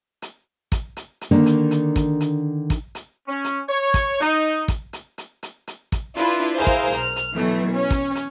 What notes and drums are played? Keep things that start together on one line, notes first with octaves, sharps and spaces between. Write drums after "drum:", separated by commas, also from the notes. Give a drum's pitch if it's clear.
drum: hi-hat
drum: kick, hi-hat
drum: hi-hat
drum: hi-hat
D3 D#3 A#3 D4
drum: hi-hat
drum: hi-hat
drum: kick, hi-hat
drum: hi-hat
drum: kick, hi-hat
drum: hi-hat
C#4
drum: hi-hat
C#5
drum: kick, hi-hat
D#4, drum: hi-hat
drum: kick, hi-hat
drum: hi-hat
drum: hi-hat
drum: hi-hat
drum: hi-hat
drum: kick, hi-hat
D4 E4 F4 B4, drum: hi-hat
E4 G#4 A#4 C5 F5
drum: kick, hi-hat
B1 F6, drum: hi-hat
drum: hi-hat
B2 E3 F#3 A3
C#4
drum: kick, hi-hat
drum: hi-hat